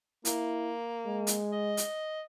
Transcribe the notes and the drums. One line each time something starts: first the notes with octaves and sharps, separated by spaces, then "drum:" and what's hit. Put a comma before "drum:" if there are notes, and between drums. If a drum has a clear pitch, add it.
A#3 E4, drum: hi-hat
G#3
drum: hi-hat
D#5
drum: hi-hat